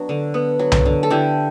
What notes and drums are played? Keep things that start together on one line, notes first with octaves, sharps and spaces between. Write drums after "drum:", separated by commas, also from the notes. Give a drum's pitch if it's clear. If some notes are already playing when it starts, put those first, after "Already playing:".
Already playing: F#3 B3 D4 F#4
D3
B3
F#3
drum: tom C2
D3
A4
D3 E4 G4